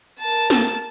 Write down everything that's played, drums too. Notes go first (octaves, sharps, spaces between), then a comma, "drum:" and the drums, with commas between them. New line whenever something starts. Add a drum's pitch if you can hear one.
A#4 A5
drum: snare